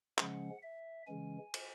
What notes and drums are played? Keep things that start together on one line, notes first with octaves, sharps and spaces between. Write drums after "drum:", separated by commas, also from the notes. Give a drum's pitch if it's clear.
C#3 F3 G#3 C#4 F#5, drum: clap
E5
C#3 E3 G#3 C#4 G#5
drum: cymbal